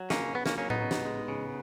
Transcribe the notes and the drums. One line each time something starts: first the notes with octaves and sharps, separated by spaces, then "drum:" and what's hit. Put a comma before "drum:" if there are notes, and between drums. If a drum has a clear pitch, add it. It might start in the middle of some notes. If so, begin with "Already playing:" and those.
Already playing: F#3
C#3 A#3 C#4, drum: snare
C#3 B3
A#3 C#4, drum: snare
F#3 A#3 C#4
B3 D#4, drum: tom A2
C#3
drum: snare
G#3
C#3